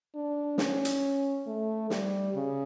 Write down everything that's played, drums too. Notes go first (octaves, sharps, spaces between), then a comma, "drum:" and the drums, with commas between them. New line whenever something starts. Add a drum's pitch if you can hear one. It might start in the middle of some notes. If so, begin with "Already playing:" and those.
D4
C#4, drum: snare
drum: hi-hat
A3
G3, drum: snare
C#3